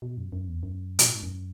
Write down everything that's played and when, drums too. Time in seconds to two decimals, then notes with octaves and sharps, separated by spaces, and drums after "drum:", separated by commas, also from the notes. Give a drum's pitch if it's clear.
0.02 B2
0.17 F#2
0.32 F#2
0.48 E2
0.63 F#2
0.99 B2, drum: hi-hat
1.07 A2
1.15 G#2
1.23 F#2